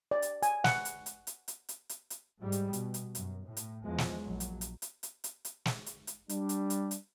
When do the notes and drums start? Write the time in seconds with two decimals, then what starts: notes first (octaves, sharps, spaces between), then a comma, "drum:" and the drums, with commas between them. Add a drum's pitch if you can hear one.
0.11 D5
0.22 drum: hi-hat
0.43 G#5, drum: hi-hat
0.64 F#5, drum: snare
0.85 drum: hi-hat
1.06 drum: hi-hat
1.27 drum: hi-hat
1.48 drum: hi-hat
1.69 drum: hi-hat
1.89 drum: hi-hat
2.10 drum: hi-hat
2.39 G#2 G3
2.52 drum: hi-hat
2.73 B2, drum: hi-hat
2.94 drum: hi-hat
3.15 F#2, drum: hi-hat
3.44 A2
3.57 drum: hi-hat
3.84 E2 F3 G#3
3.98 drum: snare
4.23 A#1 F#3
4.40 drum: hi-hat
4.61 drum: hi-hat
4.82 drum: hi-hat
5.03 drum: hi-hat
5.24 drum: hi-hat
5.45 drum: hi-hat
5.65 drum: snare
5.86 drum: hi-hat
6.07 drum: hi-hat
6.29 G3 D4, drum: hi-hat
6.49 drum: hi-hat
6.70 drum: hi-hat
6.91 drum: hi-hat